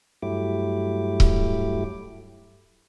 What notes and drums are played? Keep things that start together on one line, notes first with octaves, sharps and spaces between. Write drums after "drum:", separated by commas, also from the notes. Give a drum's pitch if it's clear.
G2 F#3 A3 E4 G4 D6
drum: kick C#1